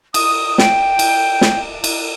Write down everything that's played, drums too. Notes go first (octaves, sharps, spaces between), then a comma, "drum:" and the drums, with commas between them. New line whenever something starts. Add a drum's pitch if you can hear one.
D#6, drum: cymbal
G5, drum: snare
drum: cymbal
drum: snare
drum: cymbal